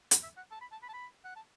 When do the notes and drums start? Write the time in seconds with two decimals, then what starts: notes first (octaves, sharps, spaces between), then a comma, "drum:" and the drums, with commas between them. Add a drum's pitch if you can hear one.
0.11 drum: hi-hat
0.23 E5
0.37 F#5
0.51 A5
0.61 B5
0.72 A5
0.82 B5
0.89 A5
0.93 B5
1.24 F#5
1.36 A5